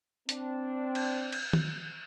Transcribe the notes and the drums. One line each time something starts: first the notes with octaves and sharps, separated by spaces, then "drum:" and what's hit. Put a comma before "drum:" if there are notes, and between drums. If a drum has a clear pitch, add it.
C4 D4, drum: hi-hat
drum: cymbal
drum: cymbal
drum: tom D#3